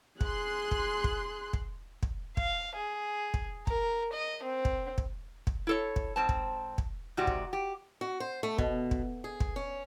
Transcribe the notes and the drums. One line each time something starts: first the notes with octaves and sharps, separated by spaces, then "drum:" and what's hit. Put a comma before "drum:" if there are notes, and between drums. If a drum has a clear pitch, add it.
G#4 C6 F#6, drum: kick
drum: kick
drum: kick
drum: kick
drum: kick
F5, drum: kick
G#4
drum: kick
A#4, drum: kick
D#5
C4
drum: kick
drum: kick
drum: kick
E4 A4 C#5
drum: kick
G#2 C4 A5
drum: kick
drum: kick
G#2 C3 F#4 G4 D5
drum: kick
G4
F#4
C5
A3
B2, drum: kick
drum: kick
G#4
drum: kick
C#4